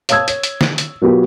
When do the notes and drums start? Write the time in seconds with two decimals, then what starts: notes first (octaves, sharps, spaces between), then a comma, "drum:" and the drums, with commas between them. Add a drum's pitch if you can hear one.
0.09 C#5 F5 A5 D#6 E6 G#6, drum: hi-hat
0.28 C#5, drum: hi-hat
0.43 drum: hi-hat
0.61 drum: snare
0.78 drum: hi-hat
1.02 B2 F#3 B3 F4 G4 A#4